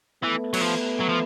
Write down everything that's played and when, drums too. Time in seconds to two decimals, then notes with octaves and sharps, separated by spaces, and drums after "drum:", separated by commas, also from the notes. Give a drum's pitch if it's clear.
0.23 E3 A3 B3
0.53 F#3, drum: cymbal
0.61 F3
1.00 F#3
1.09 F3